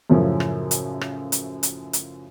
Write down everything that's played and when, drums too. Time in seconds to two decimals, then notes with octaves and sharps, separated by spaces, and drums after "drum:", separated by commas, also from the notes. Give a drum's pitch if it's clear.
0.10 F#2 A2 C#3 F3 C#4
0.40 drum: rim click
0.71 drum: hi-hat
1.01 drum: rim click
1.32 drum: hi-hat
1.63 drum: hi-hat
1.93 drum: hi-hat